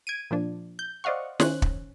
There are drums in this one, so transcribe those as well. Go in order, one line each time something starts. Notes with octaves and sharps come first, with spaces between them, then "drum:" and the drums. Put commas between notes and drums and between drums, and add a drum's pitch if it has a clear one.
G#6 D7 D#7
A#2 F3 D4
G6
C5 D5 D#5 F5 F#5 C#6
D#3 C#4 C5 F#6, drum: snare
drum: kick